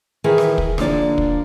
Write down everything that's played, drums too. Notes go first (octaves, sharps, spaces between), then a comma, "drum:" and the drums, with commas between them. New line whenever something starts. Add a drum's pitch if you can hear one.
D#3 E3 G#4 A#4 B4
drum: rim click
drum: kick
D3 F3 A#3 D4 D5, drum: rim click
drum: kick